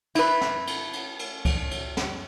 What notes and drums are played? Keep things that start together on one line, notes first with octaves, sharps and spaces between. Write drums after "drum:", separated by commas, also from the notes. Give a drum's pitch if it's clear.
E4 B4, drum: cymbal
drum: snare
drum: cymbal
drum: cymbal
drum: cymbal
drum: kick C#2, cymbal
drum: cymbal
drum: snare